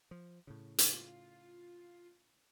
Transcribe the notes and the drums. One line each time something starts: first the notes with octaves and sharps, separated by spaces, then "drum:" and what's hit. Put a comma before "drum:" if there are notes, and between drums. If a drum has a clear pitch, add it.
F3
A2 C#3
drum: hi-hat
F4